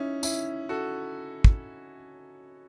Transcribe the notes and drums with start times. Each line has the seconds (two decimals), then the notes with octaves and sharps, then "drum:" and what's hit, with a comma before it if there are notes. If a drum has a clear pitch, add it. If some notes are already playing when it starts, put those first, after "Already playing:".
Already playing: C#4 D#4 E4
0.23 C#4 E4, drum: tambourine
0.69 F#4 A4
1.44 drum: kick